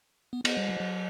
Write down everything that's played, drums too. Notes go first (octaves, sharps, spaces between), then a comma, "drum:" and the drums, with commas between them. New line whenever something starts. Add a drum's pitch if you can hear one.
B3
B3, drum: cymbal
G3
F#3
F#3